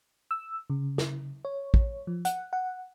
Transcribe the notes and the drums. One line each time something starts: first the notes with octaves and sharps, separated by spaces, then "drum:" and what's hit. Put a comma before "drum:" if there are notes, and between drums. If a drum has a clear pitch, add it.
E6
C#3
drum: snare
C#5
drum: kick
F3
F#5, drum: hi-hat
F#5